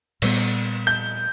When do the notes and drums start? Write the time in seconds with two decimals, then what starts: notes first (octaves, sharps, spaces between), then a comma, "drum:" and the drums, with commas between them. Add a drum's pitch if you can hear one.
0.22 A#2 G3 B3, drum: cymbal
0.87 G6